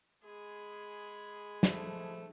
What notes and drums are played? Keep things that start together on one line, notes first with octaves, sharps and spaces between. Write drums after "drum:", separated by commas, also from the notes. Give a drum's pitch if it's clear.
G#3 G#4 B5
F3 A3, drum: snare